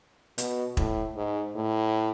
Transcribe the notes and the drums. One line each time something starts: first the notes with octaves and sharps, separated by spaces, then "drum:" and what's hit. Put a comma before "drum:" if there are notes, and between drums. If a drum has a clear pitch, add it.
B2, drum: hi-hat
A2, drum: kick E1
G#2
A2